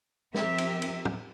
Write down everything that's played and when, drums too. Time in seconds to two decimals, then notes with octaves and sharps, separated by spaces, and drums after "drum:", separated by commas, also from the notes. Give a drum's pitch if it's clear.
0.34 F3 C4 G4 A#4 E5, drum: snare
0.58 drum: cymbal
0.82 drum: cymbal
1.05 drum: tom